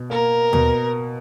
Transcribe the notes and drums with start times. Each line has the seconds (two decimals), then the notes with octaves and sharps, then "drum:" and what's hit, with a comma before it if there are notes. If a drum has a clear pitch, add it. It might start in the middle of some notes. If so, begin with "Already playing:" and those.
Already playing: B2
0.10 A#3 A#4
0.53 B2, drum: tom D#2